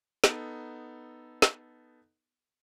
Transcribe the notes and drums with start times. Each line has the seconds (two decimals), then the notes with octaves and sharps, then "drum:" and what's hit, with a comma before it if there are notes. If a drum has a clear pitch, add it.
0.24 B3 D#4 A4, drum: snare
1.42 drum: snare